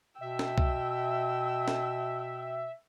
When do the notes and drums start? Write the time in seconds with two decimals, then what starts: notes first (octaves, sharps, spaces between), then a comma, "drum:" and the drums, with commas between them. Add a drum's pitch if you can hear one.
0.21 B2 E5 G5 E6
0.39 drum: snare
0.58 drum: kick
1.68 drum: snare